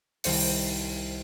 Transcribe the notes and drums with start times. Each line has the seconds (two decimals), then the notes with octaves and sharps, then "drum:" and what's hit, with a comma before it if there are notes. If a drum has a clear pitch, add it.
0.24 C2 D#3 C5 C#7, drum: open hi-hat